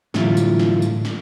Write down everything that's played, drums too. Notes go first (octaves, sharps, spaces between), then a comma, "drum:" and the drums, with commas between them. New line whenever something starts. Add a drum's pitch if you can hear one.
A2 D3 E3 F#3 E4 F4, drum: snare
drum: tambourine
drum: snare
drum: tambourine
drum: snare